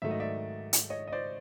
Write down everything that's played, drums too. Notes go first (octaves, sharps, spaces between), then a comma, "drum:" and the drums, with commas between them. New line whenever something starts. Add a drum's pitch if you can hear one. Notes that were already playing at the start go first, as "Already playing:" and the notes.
G#2 D#3 F#3 A3 E5
D#5
D5 E5
drum: hi-hat
C#5 D#5
D#5
C5 D5